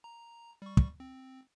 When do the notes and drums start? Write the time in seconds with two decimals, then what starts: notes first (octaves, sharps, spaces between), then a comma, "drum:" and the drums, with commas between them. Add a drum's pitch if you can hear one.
0.04 A#5
0.62 G3 C#6
0.77 drum: kick
1.00 C4